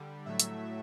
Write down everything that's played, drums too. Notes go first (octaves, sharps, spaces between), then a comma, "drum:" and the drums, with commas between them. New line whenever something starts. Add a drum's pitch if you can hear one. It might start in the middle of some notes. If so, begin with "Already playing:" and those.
Already playing: D3 G3
A2 F#3 A3 E5
drum: hi-hat